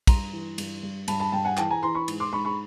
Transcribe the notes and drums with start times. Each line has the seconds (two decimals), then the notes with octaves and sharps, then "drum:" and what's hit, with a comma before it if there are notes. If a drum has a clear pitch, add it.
0.07 G2 A#5 C6, drum: kick, cymbal
0.33 E3
0.58 G2, drum: cymbal
0.83 G2
1.08 G2 A5 B5, drum: cymbal
1.20 A5 B5
1.32 G2 G5 A5
1.45 F#5 G#5
1.57 E3 G5 A5, drum: clap
1.70 G#5 A#5
1.83 E3 A#5 C6
1.95 B5 C#6
2.08 G#2, drum: cymbal
2.20 C6 D6
2.33 G#2 B5 C#6
2.45 B5 C#6